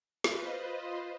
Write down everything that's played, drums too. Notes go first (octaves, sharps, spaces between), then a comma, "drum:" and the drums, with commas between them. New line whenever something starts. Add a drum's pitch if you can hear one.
F4 B4 C5 D#5, drum: snare